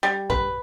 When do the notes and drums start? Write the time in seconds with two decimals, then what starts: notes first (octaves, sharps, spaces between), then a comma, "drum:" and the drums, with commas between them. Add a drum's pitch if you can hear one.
0.03 G3
0.30 B4, drum: kick A#1